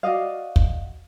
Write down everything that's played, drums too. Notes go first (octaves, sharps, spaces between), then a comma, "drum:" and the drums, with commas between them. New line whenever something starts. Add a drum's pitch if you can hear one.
F#4 D5 D#5 F5
drum: kick